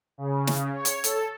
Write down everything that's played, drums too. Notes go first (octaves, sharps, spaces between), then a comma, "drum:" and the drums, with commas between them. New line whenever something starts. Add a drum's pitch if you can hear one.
C#3
drum: snare
C#5
drum: hi-hat
A4, drum: hi-hat